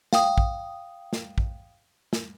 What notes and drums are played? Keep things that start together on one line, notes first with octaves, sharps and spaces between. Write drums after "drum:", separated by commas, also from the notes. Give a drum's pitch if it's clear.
F5 G5 D#6, drum: snare
drum: kick
drum: snare
drum: kick
drum: snare